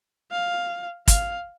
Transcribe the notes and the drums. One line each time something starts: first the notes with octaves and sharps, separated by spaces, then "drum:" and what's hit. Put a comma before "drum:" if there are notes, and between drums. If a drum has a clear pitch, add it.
F5
F5, drum: kick, hi-hat